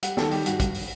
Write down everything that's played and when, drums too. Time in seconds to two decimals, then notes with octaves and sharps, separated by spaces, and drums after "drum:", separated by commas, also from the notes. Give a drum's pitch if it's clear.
0.03 G3 F#5, drum: hi-hat
0.17 D#3 A4, drum: snare
0.31 G3 G4, drum: open hi-hat
0.46 G2 F#4, drum: hi-hat
0.60 G2, drum: kick, hi-hat
0.74 drum: open hi-hat